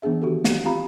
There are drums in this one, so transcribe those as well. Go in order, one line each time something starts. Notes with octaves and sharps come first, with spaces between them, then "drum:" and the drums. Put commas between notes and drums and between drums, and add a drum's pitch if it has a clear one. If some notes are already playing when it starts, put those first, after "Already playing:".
E3 B3 D4 G#4 E5
D#3 F#4 G4 A4
drum: snare
C4 F4 G4 F5 A#5 B5